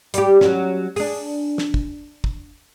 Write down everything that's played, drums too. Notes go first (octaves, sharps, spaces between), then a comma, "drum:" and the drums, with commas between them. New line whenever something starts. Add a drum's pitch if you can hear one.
G3 G4, drum: hi-hat
F#3 C#4, drum: snare
D4 G#4, drum: open hi-hat
drum: snare
drum: kick
drum: kick